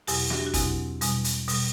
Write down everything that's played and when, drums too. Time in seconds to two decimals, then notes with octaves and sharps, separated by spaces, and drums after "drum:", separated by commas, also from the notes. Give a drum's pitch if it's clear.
0.07 E2 B2 F#3 E4 G4, drum: open hi-hat
0.30 D4 F#4, drum: snare
0.38 G4
0.47 F#4
0.54 E2 B2 F#3 C4 E4, drum: kick G#1, hi-hat
1.01 E2 B2 G3, drum: hi-hat
1.24 drum: hi-hat
1.48 B2 G3, drum: open hi-hat